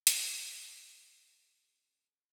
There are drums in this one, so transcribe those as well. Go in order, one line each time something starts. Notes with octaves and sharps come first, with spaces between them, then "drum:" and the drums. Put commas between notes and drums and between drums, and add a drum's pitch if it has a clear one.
C#3 C#4 A4 G5, drum: hi-hat